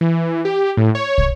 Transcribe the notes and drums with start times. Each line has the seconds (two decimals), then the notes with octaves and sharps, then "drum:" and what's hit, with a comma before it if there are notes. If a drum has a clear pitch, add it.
0.01 E3
0.45 G4
0.77 A2
0.95 C#5
1.18 drum: kick